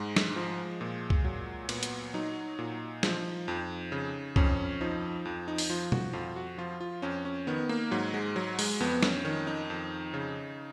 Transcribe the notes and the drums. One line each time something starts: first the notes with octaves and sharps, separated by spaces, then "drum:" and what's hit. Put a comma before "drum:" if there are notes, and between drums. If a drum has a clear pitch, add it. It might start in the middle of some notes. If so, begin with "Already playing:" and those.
Already playing: G#2 G#3
drum: snare
F3
A#2
drum: kick
F#3
A#2 B3, drum: cymbal
drum: hi-hat
F#3 D#4
A#2
F3, drum: snare
F2
C#3
F2 C#4, drum: kick
F3 D#4
F2
D#4
drum: open hi-hat
F3 F4
F#4, drum: tom
F2 F4
F#4
F3 F4
F4
F2 C#4
C#4
D#3 B3
A#3
G#2 F#3
G#3
F#3
G#3, drum: open hi-hat
F2 B3
C#4, drum: snare
D#3 C#4
D#4
F2
C#3